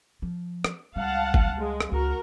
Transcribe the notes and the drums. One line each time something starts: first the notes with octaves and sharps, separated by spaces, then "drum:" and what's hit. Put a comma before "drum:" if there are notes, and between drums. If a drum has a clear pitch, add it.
F3
drum: rim click
C#2 G3 F5 F#5 A5
drum: kick G1
G#3
drum: rim click
C#2 F#4 A#4